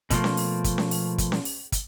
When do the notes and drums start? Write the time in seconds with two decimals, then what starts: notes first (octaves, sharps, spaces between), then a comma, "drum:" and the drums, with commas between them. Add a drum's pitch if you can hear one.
0.10 B2 D3 F3 G3 A3 A#3, drum: kick, hi-hat
0.24 drum: snare C#4
0.37 drum: open hi-hat
0.64 drum: kick, hi-hat
0.78 drum: snare C#4
0.91 drum: open hi-hat
1.18 drum: kick, hi-hat
1.32 drum: snare C#4
1.45 drum: open hi-hat
1.72 drum: kick, hi-hat